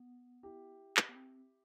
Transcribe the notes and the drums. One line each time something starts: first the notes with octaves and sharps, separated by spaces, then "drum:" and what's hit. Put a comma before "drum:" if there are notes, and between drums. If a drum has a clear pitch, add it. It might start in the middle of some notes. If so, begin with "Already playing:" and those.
Already playing: B3
E4 G4
drum: clap
B3
C4